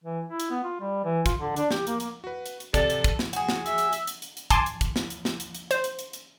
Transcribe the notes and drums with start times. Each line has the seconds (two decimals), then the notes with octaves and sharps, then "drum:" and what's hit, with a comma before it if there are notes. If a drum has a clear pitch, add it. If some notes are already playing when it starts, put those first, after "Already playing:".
0.04 E3
0.29 E4
0.40 drum: hi-hat
0.50 B3
0.64 F4
0.81 G3
1.04 E3
1.26 F4, drum: kick, hi-hat
1.39 D3
1.56 D4, drum: hi-hat
1.71 G4, drum: snare
1.87 A#3, drum: hi-hat
2.00 A#3, drum: hi-hat
2.24 F#4 B4
2.46 drum: hi-hat
2.60 drum: hi-hat
2.74 C3 G4 A4 D5, drum: kick, hi-hat
2.90 drum: hi-hat
3.04 drum: kick, hi-hat
3.19 drum: snare
3.33 F#4 G#4, drum: hi-hat
3.49 drum: snare
3.66 E5, drum: hi-hat
3.78 drum: hi-hat
3.93 drum: hi-hat
4.07 drum: hi-hat
4.22 drum: hi-hat
4.37 drum: hi-hat
4.50 G#5 A5 C6 D6, drum: kick, hi-hat
4.66 drum: hi-hat
4.81 drum: kick, hi-hat
4.96 drum: snare
5.10 drum: hi-hat
5.25 drum: snare
5.40 drum: hi-hat
5.55 drum: hi-hat
5.71 C5, drum: hi-hat
5.84 drum: hi-hat
5.99 drum: hi-hat
6.13 drum: hi-hat